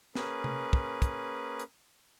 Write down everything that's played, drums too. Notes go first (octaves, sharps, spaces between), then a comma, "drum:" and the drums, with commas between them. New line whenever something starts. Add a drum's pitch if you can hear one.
A#3 C#4 G#4 B4, drum: snare
drum: tom C3
drum: kick
drum: kick, hi-hat
drum: hi-hat